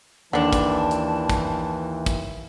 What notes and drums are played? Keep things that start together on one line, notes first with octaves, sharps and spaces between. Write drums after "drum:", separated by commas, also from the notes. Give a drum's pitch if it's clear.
D#2 D3 E3 D4 A5
drum: kick, hi-hat
drum: hi-hat
drum: kick, hi-hat
drum: kick, hi-hat